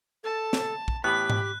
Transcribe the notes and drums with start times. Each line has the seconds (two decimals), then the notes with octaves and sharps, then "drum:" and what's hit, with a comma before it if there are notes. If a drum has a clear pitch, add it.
0.24 A4 A5
0.53 drum: snare
0.88 drum: kick
1.04 A2 E3 B3 G4 B5 F#6
1.30 drum: tom G#2